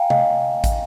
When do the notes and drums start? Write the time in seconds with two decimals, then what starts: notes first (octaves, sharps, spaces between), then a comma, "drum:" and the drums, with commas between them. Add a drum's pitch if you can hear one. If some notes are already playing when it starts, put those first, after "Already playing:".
Already playing: F5 G5 G#5 A#5
0.10 D#5 F5, drum: tom C3
0.64 drum: kick, hi-hat